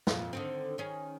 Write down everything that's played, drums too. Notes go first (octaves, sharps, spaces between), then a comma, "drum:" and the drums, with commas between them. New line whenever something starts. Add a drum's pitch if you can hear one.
F2 A#2, drum: snare
D3 D#3 C4
D#3 C#4 G#4